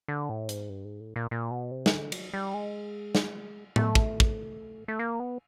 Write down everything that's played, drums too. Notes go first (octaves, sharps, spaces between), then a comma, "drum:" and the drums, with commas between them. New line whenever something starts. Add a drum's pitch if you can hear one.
D3
A2
G#2, drum: hi-hat
G2
G#2
A2
A#2
A#2
B2
C3
D#3, drum: snare
D3
F#3, drum: cymbal
G3
G#3
drum: snare
A3, drum: tom A2
drum: kick
drum: kick
A3
A#3
B3